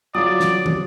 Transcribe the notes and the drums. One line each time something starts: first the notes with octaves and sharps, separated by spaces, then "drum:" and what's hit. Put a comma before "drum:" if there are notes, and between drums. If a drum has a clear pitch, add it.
F#3 F4 D5 D#6
drum: snare
drum: tom